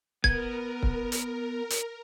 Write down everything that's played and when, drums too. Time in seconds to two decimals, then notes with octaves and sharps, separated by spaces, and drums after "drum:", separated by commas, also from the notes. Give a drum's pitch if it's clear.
0.24 B3 A#4 G#6, drum: kick C#1
0.83 drum: kick C#1
1.12 drum: hi-hat
1.70 drum: hi-hat